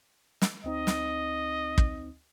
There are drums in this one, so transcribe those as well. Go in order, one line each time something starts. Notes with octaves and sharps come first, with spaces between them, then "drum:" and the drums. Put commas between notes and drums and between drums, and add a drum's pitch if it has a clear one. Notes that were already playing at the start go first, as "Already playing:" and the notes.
drum: snare
D2 C4 D#4 D#5
drum: snare
drum: kick